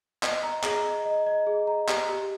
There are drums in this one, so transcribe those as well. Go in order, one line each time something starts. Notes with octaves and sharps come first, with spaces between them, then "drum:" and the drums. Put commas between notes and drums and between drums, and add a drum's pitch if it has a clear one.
D#5, drum: clap
A#5
G#4, drum: clap
D#5
D#5
D#5
G#4
A#5
G4, drum: clap
G4